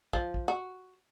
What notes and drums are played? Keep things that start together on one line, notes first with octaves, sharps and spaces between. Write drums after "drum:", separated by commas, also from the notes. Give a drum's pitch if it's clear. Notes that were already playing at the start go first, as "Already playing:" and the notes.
F3, drum: kick
drum: kick
F#4